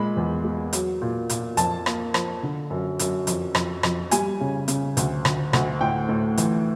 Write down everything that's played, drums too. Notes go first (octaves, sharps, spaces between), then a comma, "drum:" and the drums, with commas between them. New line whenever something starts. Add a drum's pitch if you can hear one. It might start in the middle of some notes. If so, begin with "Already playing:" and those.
Already playing: A#2 G#3 B5
E2
G#3
F#3, drum: hi-hat
A#2
A#2, drum: hi-hat
F2 A5, drum: hi-hat
A#3, drum: rim click
F3, drum: rim click
D3
F#2
F#2, drum: hi-hat
F2, drum: hi-hat
F2, drum: rim click
F2, drum: rim click
G3 G#5, drum: hi-hat
C#3
C#3, drum: hi-hat
D2, drum: hi-hat
D2, drum: rim click
D2, drum: rim click
A2 G5
A2
E3, drum: hi-hat